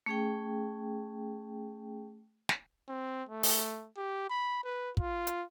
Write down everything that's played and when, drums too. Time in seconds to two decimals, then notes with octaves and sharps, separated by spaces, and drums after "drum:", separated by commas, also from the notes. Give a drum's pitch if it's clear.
0.06 A3 C#4 G#4 G5
2.49 drum: snare
2.88 C4
3.29 A3
3.43 drum: open hi-hat
3.97 G4
4.30 B5
4.64 B4
4.97 F4, drum: kick
5.27 drum: hi-hat